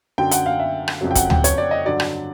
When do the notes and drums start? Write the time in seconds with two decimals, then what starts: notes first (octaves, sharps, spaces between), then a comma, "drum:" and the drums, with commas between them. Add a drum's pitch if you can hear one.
0.18 F#2 D3 F#3 G5
0.31 F#5, drum: hi-hat
0.46 F5
0.60 E5
0.88 drum: rim click
1.01 F2 C#3 F#3
1.11 G5
1.15 F#5, drum: kick, hi-hat
1.30 G5, drum: tom D2
1.44 C#5, drum: hi-hat
1.58 D5
1.71 D#5
1.86 G2 D3 F#3 D5
2.00 drum: rim click